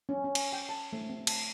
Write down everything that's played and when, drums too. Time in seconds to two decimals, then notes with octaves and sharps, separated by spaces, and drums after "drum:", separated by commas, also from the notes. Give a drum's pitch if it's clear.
0.09 C#4
0.24 C#4
0.35 drum: cymbal
0.53 G5
0.69 A5
0.93 A3
1.10 C4
1.27 A5, drum: cymbal